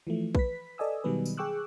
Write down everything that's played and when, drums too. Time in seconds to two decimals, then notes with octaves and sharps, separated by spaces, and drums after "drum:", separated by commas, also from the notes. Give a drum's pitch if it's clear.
0.07 E3 F3 A3
0.35 B4 B6, drum: kick A#1
0.78 A4 D5 D#5 G#5 D#6 E6
1.04 B2 D#3 F#3 G3 B3 B4
1.26 drum: tambourine
1.37 G#4 G5 C#6 D6 E6 F#6